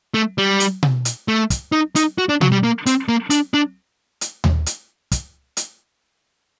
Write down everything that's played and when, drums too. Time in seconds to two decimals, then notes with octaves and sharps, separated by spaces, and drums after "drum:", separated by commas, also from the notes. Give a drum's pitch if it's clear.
0.14 A3
0.38 G3
0.60 drum: hi-hat
0.83 drum: tom B2
1.05 drum: hi-hat
1.28 A3
1.50 drum: kick, hi-hat
1.72 D#4
1.96 D#4, drum: hi-hat
2.18 F#4
2.29 D4
2.41 F#3, drum: tom B2
2.52 G3
2.63 A#3
2.86 C4, drum: hi-hat
3.09 A#3
3.30 D4, drum: hi-hat
3.54 D4
4.21 drum: hi-hat
4.44 drum: tom D#2
4.66 drum: hi-hat
5.12 drum: kick, hi-hat
5.57 drum: hi-hat